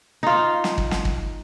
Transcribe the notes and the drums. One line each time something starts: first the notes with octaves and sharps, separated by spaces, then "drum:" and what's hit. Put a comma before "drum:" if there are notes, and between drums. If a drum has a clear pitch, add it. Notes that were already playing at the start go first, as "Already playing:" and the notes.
D#4 F4
drum: snare
drum: kick
drum: snare
drum: kick